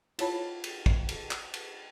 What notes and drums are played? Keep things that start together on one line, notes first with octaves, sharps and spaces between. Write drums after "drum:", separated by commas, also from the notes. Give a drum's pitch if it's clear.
E4 F4 C#5 A5 B5, drum: cymbal
drum: cymbal
drum: kick
drum: cymbal
drum: clap
drum: cymbal